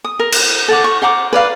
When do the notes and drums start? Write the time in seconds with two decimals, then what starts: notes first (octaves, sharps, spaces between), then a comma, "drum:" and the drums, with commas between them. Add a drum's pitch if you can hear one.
0.04 D#6
0.19 A#4
0.32 drum: cymbal
0.68 A4 F#5 D6
0.84 C#6
1.02 C5 F#5 A#5 D6
1.33 B4 D5 F5